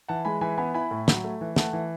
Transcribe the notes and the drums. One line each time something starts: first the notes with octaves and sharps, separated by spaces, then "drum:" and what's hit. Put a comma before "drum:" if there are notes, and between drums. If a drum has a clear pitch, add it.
E3 F#5 A5
G#3 G#5 B5
E3 G#5 B5
B3 G#5 B5
E4 G#5 B5
A2
F#3, drum: snare
A3
E3
A3 F#5 A5, drum: snare
E3